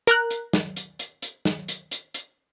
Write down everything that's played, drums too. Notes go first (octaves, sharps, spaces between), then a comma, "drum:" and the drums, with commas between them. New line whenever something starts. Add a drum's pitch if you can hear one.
A#4 A#5 F#6, drum: hi-hat
drum: hi-hat
drum: snare
drum: hi-hat
drum: hi-hat
drum: hi-hat
drum: snare
drum: hi-hat
drum: hi-hat
drum: hi-hat